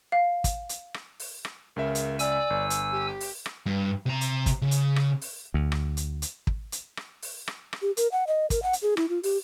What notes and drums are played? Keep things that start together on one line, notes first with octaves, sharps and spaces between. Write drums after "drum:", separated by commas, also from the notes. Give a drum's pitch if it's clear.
F5
drum: kick, hi-hat
drum: hi-hat
drum: rim click
drum: open hi-hat
drum: rim click
C#2 C#3 A#4 E5
drum: hi-hat
D5 G#5 E6, drum: hi-hat
G1
drum: hi-hat
G4
drum: open hi-hat
drum: rim click
G2
C3 A#5
drum: hi-hat
drum: kick, hi-hat
C#3
drum: hi-hat
drum: rim click
drum: open hi-hat
D2
drum: rim click
drum: hi-hat
drum: hi-hat
drum: kick
drum: hi-hat
drum: rim click
drum: open hi-hat
drum: rim click
drum: rim click
G4
A#4, drum: hi-hat
F#5
D#5
A#4, drum: kick, hi-hat
F#5
drum: hi-hat
G#4
E4, drum: rim click
F4
G4, drum: open hi-hat